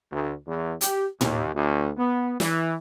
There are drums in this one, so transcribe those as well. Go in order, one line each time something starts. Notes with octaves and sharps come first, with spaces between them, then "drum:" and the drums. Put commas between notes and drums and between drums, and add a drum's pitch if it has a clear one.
D2
E2
G4, drum: hi-hat
D#2, drum: tom A2
D2
B3
E3, drum: snare